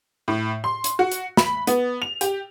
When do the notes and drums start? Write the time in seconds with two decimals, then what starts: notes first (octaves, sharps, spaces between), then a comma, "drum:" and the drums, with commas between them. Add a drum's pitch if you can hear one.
0.28 A2
0.64 C6
0.84 drum: hi-hat
0.99 F#4
1.12 drum: hi-hat
1.37 B5, drum: snare
1.67 B3, drum: hi-hat
2.02 F7
2.21 G4, drum: hi-hat